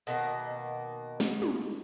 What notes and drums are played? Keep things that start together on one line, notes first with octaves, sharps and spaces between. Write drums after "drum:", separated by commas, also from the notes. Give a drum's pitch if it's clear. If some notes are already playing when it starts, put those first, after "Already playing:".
B2 D#3 A#3
drum: snare
drum: tom